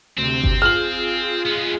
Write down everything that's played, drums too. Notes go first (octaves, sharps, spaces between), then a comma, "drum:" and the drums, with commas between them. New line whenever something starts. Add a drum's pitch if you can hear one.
D2 C3 C4
drum: kick G1
F4 G#4 F6 F#7
G#3 B3